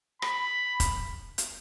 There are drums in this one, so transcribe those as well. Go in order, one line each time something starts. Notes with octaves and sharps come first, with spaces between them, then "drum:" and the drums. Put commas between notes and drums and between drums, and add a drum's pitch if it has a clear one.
B5, drum: rim click
drum: kick F1, hi-hat
drum: hi-hat